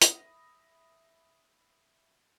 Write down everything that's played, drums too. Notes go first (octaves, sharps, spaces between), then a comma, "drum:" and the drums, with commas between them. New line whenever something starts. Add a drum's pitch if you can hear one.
E5 B5 D#6 A#6, drum: hi-hat